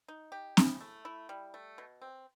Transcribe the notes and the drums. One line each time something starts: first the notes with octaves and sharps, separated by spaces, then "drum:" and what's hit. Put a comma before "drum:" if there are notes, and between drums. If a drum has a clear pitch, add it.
D#4
G4
E4, drum: snare C4
A3
E4
G3
A3
B2
C4